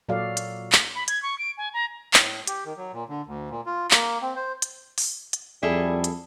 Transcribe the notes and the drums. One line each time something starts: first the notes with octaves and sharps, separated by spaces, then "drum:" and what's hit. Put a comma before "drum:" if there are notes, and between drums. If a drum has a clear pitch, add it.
A#2 F#3 F#4 A4 D5 F5
drum: hi-hat
drum: clap
B5
G#6, drum: hi-hat
C#6
D7
G#5
A#5
A2, drum: clap
G4, drum: hi-hat
D#3
F#3
A#2
D3
D2
A#2
F4
A#3, drum: clap
C4
C5
drum: hi-hat
drum: open hi-hat
drum: hi-hat
F2 G3 E4 G#4 A4
drum: hi-hat